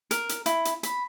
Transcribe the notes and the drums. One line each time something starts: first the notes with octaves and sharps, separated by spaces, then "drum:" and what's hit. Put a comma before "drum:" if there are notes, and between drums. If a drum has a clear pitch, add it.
A#4, drum: hi-hat
drum: hi-hat
E4, drum: hi-hat
drum: hi-hat
B5, drum: hi-hat